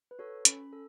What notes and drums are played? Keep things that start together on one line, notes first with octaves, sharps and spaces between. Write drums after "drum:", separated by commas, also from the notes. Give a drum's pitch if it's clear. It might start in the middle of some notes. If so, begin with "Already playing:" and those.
B4
F#4 A4 C#5
C#4 B5, drum: hi-hat
A4